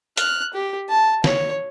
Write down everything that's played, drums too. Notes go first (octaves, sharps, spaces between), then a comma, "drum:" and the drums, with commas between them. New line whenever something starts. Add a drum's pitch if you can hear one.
F6 F#6, drum: hi-hat
G4
A5
C#5, drum: snare